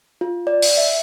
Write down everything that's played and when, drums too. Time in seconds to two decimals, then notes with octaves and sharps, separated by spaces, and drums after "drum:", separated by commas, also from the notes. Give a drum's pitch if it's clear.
0.21 F4
0.47 D5
0.62 drum: open hi-hat
0.78 E5